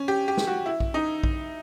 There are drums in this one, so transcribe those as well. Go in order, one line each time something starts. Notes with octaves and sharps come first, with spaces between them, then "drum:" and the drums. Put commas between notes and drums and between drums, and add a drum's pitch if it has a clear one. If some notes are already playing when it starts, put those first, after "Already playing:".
Already playing: C#4
G4
G4
drum: snare
F#4
E4
drum: kick A#1
D#4
drum: kick A#1